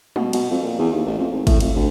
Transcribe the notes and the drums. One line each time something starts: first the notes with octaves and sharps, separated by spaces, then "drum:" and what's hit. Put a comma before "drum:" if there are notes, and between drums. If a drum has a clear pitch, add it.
B2, drum: tom
B2, drum: cymbal
F2
A#2
E2
D#2
A1
F2
G#1
A2, drum: kick G#1, cymbal
F2, drum: cymbal
D2